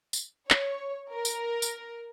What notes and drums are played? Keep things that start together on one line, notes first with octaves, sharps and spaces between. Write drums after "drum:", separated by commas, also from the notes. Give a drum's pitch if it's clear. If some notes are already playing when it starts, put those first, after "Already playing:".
drum: tambourine
C#5, drum: clap
A#4
drum: tambourine
drum: tambourine